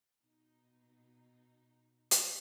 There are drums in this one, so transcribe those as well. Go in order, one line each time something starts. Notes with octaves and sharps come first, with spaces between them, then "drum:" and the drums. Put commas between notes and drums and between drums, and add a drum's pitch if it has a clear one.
B2 D#4
drum: hi-hat